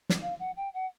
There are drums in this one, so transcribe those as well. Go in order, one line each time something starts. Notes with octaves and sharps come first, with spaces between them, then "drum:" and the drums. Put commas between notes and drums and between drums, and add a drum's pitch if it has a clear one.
drum: snare
F5
F#5
G5
F#5